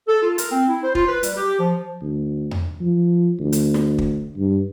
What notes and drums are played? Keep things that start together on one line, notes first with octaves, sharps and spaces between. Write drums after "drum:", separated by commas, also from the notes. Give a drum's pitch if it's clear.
A4
F4
A#4, drum: hi-hat
C4
E4
C5
F4, drum: kick
B4
G3, drum: hi-hat
G4
F3
D2
drum: tom E2
F3
D2
drum: hi-hat
drum: snare
drum: kick
G2